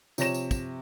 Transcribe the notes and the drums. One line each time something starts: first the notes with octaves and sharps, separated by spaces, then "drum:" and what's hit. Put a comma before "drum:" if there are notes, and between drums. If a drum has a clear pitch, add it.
C3 F3 C#5 A#6 E7, drum: tambourine
drum: tambourine
drum: kick, tambourine